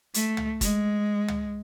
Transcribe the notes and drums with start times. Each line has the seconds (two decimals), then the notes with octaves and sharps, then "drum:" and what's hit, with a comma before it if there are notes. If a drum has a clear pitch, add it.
0.14 A3, drum: hi-hat
0.37 drum: tom
0.61 G#3, drum: kick, hi-hat
1.28 drum: tom